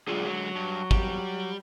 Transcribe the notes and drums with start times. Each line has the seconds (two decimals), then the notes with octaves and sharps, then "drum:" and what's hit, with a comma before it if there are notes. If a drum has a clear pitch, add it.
0.08 D3 F#3 G#3 F4 G#4
0.26 F#3
0.55 G2
0.91 G3, drum: kick